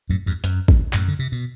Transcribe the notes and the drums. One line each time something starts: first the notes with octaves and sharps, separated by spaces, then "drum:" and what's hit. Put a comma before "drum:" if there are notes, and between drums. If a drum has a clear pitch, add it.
F#2 A2
E2 G2
F#2, drum: hi-hat
drum: kick
F#2 A2, drum: clap
D3
C3
B2